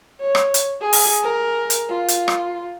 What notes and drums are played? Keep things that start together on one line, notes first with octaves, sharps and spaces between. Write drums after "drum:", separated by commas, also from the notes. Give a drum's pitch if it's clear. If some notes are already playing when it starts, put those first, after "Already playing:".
C#5
drum: rim click
drum: hi-hat
G#4
drum: open hi-hat
A#4
drum: hi-hat
F4
drum: hi-hat
drum: rim click